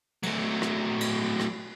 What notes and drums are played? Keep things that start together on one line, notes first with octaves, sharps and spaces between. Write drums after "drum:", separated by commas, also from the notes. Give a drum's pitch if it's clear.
F#3 A3, drum: cymbal
drum: rim click
drum: cymbal
drum: rim click